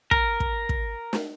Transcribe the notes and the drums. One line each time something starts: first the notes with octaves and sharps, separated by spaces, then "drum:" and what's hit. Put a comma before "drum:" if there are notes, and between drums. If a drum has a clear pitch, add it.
A#4, drum: kick
drum: kick
drum: kick
drum: snare